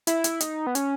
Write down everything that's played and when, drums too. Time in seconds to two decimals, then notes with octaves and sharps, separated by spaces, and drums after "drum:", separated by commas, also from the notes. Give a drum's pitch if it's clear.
0.07 E4, drum: hi-hat
0.24 drum: hi-hat
0.40 D#4, drum: hi-hat
0.67 B3
0.75 C#4, drum: hi-hat